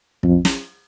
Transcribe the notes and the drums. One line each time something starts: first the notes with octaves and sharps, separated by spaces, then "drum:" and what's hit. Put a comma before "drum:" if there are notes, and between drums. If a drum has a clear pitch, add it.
F2, drum: kick
drum: snare